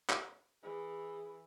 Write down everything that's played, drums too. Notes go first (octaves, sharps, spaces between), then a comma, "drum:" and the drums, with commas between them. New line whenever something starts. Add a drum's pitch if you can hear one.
drum: clap
E3 G#4